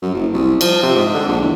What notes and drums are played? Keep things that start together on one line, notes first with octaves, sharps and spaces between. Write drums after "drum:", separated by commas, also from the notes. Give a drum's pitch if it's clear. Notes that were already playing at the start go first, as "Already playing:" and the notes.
F#2
F#1
C2
F3, drum: cymbal
C3
G#2
D3
A#1
E2